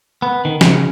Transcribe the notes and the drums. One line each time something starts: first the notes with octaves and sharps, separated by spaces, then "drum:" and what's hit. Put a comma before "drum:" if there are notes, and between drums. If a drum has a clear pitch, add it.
B3
D#3
C#3, drum: snare